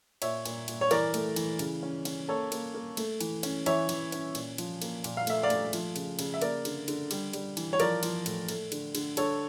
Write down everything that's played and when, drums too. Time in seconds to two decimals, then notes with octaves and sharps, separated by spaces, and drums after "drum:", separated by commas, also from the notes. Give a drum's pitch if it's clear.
0.22 A#2 C#5 E5, drum: cymbal
0.45 A#2, drum: cymbal
0.68 A#2, drum: cymbal
0.81 C#5
0.91 E3 A#4 D5, drum: cymbal
1.14 A3, drum: cymbal
1.36 E3, drum: cymbal
1.59 C#3, drum: cymbal
1.83 C#4
2.05 C#4, drum: cymbal
2.28 A#3 A4 C#5
2.52 A#3, drum: cymbal
2.74 A#3
2.97 A3, drum: cymbal
3.21 E3, drum: cymbal
3.43 C#4, drum: cymbal
3.66 E3 C#5 E5, drum: cymbal
3.89 E3, drum: cymbal
4.12 C#4, drum: cymbal
4.35 A#2, drum: cymbal
4.58 F3, drum: cymbal
4.82 A#3, drum: cymbal
5.04 A#2, drum: cymbal
5.17 F5
5.27 A3 E5, drum: cymbal
5.43 D5 F5
5.50 A3, drum: cymbal
5.73 F3, drum: cymbal
5.96 C#3, drum: cymbal
6.19 C#3, drum: cymbal
6.34 E5
6.41 A#3 A#4 D5, drum: cymbal
6.65 D3, drum: cymbal
6.88 D3, drum: cymbal
7.11 G3, drum: cymbal
7.33 G3, drum: cymbal
7.57 E3, drum: cymbal
7.73 C#5
7.80 F3 A#4 D5, drum: cymbal
8.03 F3, drum: cymbal
8.26 A2, drum: cymbal
8.49 A3, drum: cymbal
8.72 D3, drum: cymbal
8.95 D3, drum: cymbal
9.17 D3 A4 C#5, drum: cymbal